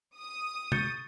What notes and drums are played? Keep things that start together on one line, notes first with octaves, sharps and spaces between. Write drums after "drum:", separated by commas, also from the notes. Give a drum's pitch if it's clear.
D#6
C#6 G6 A6 C#7 D#7, drum: tom